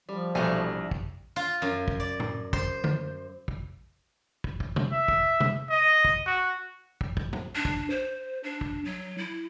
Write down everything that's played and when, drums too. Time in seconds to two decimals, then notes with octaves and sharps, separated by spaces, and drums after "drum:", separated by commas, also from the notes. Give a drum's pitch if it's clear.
0.09 F3 G3
0.35 A#1 B2 E3 G3 A3 G#5
0.91 drum: kick
1.36 F4
1.62 F#2
1.88 drum: kick
2.00 D5
2.20 drum: tom A2
2.53 C5, drum: kick
2.84 drum: tom
3.48 drum: kick
4.44 drum: kick
4.60 drum: kick
4.76 drum: tom C3
4.92 E5
5.08 drum: kick
5.40 drum: tom C3
5.70 D#5
6.05 drum: kick
6.26 F#4
7.01 drum: kick
7.17 drum: kick
7.33 drum: tom
7.55 D4
7.65 drum: kick
7.90 C5
8.44 D4
8.61 drum: kick
8.85 F#3
9.18 E4